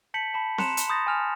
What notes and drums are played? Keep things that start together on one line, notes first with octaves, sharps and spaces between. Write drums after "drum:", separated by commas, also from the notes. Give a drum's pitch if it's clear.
A5 G6 B6 C#7 F#7
A5 B5
A#5 C6 F#6 C#7 E7 F7, drum: snare C4
drum: hi-hat
B5 C6 D#6 G6 A6 A#6
G#5 F6 F7